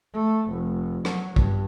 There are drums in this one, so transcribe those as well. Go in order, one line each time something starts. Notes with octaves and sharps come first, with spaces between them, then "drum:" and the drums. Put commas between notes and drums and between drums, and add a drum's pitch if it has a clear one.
A3
F1
F#3, drum: rim click
G2, drum: kick